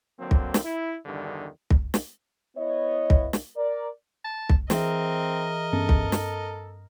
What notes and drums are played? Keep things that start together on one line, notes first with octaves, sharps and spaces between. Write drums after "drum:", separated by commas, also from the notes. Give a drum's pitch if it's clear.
D3 F#3 A#3 C4
drum: kick
drum: snare
E4
E2 G2 D3 D#3
drum: kick
drum: snare
B3 E4 C#5 D#5
drum: kick
drum: snare
A#4 D5
A5
drum: kick
E3 C4 G#4 A#4 D#5 E5, drum: snare
G2 B3 C#4 A4
drum: kick
drum: snare